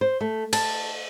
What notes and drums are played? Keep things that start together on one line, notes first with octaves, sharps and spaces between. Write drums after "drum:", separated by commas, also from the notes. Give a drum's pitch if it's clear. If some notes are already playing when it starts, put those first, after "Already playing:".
C5
A3
A5, drum: cymbal